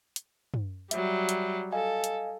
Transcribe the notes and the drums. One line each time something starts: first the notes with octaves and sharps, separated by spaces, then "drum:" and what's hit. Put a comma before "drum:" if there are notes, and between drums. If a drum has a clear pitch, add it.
drum: hi-hat
drum: tom
F#3 G3 E5, drum: hi-hat
drum: hi-hat
A4 D#5 F5 G#5
drum: hi-hat